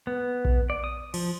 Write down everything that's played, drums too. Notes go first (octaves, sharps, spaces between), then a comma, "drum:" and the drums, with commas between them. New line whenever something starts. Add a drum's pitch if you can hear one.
B3
drum: kick A#1
D5
D#6
F3, drum: cymbal